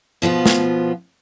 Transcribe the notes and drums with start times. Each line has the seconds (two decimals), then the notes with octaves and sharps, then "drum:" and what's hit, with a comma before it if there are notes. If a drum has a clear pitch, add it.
0.22 B2 F3 B3 F4
0.46 drum: snare